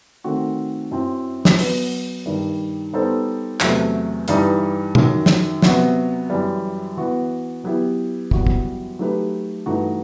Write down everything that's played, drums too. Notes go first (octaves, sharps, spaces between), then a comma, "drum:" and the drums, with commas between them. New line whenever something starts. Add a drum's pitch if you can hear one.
D#3 A3 C4 F#4
F#2 F#3 C4 E4
drum: snare
F#3 B3 F#4 B4, drum: open hi-hat
G2 D#3 G3
G3 B3 D#4 A4 C5
E2 C3 F#3 A3, drum: clap
G2 E3 G3 D#4, drum: hi-hat
F#2 D#3 F#3, drum: tom
drum: snare
C3 F#3 B3 F#4, drum: snare
F#2 E3 G3
E3 B3 F#4
F#3 B3 E4 G4 B4
F#2 E3 G3 B3 F#4, drum: kick
drum: kick
F#3 A3 D#4 G4 B4
G2 E3 A3 D#4 F#4